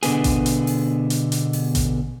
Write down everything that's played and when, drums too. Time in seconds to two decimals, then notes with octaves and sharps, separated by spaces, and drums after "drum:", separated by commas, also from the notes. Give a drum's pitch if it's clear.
0.03 B2 D3 B3 G#4, drum: hi-hat
0.24 drum: kick A1, hi-hat
0.46 drum: hi-hat
0.67 drum: open hi-hat
1.10 drum: hi-hat
1.32 drum: hi-hat
1.53 drum: open hi-hat
1.75 drum: kick A1, hi-hat